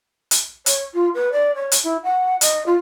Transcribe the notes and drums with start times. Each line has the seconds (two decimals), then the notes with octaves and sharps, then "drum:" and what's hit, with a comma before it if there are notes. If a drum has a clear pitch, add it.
0.31 drum: hi-hat
0.66 C#5, drum: hi-hat
0.94 F4
1.14 B4
1.32 D5
1.55 C#5
1.72 drum: hi-hat
1.84 E4
2.04 F#5
2.41 D#5, drum: hi-hat
2.66 F4